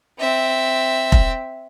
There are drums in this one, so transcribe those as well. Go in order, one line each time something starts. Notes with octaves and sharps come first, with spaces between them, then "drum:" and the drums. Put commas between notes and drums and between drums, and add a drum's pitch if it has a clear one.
C4 E5
drum: kick F1